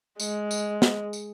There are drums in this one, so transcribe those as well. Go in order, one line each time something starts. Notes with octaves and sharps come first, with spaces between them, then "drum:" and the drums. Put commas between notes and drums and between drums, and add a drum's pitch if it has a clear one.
G#3, drum: tambourine
drum: tambourine
drum: snare
drum: tambourine